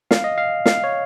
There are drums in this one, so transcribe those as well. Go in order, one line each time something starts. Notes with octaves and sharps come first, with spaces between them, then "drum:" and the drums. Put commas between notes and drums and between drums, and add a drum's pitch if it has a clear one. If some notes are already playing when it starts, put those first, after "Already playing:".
F5, drum: snare
D#5
F5
F5, drum: snare
C#5